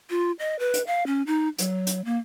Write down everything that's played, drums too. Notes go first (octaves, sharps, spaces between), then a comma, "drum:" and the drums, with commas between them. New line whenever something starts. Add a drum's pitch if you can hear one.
F4
D#5
B4
drum: hi-hat
F5
C#4
D#4
F#3, drum: hi-hat
drum: hi-hat
A#3